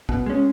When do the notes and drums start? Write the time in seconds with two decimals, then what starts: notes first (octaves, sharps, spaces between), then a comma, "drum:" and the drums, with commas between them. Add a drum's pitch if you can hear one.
0.09 B2, drum: kick
0.26 G#3 C#4